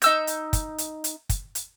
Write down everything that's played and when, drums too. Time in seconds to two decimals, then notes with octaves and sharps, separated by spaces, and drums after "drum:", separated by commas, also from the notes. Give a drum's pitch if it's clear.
0.02 D#4 E6 G6, drum: hi-hat
0.27 drum: hi-hat
0.53 drum: kick, hi-hat
0.78 drum: hi-hat
1.04 drum: hi-hat
1.29 drum: kick, hi-hat
1.55 drum: hi-hat